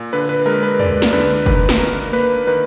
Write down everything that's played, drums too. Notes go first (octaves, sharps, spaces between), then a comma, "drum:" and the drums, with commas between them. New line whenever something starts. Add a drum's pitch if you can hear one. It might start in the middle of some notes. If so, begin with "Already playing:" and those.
Already playing: A#2
D3 B4
B4
G#3 A#4
B4
G#3 D5, drum: tom
drum: snare
D3 B4
D#3 B4, drum: kick
drum: snare
A#3 A#4
A#3 B4
D#3 B4